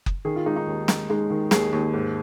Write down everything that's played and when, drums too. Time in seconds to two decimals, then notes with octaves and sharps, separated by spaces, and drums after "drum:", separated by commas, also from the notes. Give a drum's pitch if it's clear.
0.06 drum: kick F#1
0.25 D#3 G#4
0.36 F4
0.46 G#3 D#4
0.56 D#4
0.66 D#2
0.88 G#3, drum: snare
1.10 G#3 D#4
1.30 D#3
1.51 D#2 G#4, drum: snare
1.73 D#2
1.94 G#2